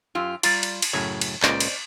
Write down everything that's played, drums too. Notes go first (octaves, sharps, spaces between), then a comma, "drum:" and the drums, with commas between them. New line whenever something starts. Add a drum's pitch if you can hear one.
F#2 F4 G4
G3 F4 D5 A#5, drum: cymbal
drum: cymbal
drum: cymbal
F#2 A2 C#3 C#5
drum: cymbal
C#2 A#2 C#3 C5 D5 D#5, drum: clap
drum: cymbal